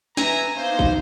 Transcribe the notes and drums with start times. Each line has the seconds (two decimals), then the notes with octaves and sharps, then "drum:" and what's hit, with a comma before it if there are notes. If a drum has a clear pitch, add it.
0.17 B4 E5 G#5 A#5, drum: snare
0.56 B3 D#4 C5 F5
0.79 drum: kick